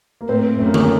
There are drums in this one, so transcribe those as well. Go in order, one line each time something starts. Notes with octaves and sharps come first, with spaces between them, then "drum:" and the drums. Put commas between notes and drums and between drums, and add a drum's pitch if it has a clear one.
A#3
A2 A3 C4
F#2 A3
A#3
A3, drum: tom D3